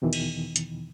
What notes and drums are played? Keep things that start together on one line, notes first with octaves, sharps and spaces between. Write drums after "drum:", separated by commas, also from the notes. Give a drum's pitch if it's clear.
E2 B2 D#3 E3
drum: cymbal
drum: hi-hat